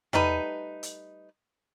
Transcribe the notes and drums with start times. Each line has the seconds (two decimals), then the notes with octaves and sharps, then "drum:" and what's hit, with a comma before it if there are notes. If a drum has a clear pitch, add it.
0.13 G3 A3 D#4 B4, drum: tom E2
0.83 drum: hi-hat